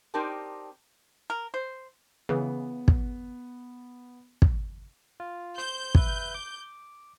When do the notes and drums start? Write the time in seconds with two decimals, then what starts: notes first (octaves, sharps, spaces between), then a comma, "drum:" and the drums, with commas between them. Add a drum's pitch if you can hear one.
0.14 C4 D#4 G4 A#4 D5 A5
1.30 A#4
1.54 C5
2.29 C#3 E3 B3
2.88 drum: kick
4.42 drum: kick
5.20 F4
5.58 C5 G6
5.95 B4 E5, drum: kick
6.34 D6